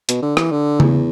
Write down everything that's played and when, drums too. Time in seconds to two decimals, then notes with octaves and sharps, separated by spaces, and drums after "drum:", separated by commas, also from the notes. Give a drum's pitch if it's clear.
0.09 B2, drum: hi-hat
0.22 D3
0.37 E3, drum: rim click
0.51 D3
0.80 E2, drum: tom C#3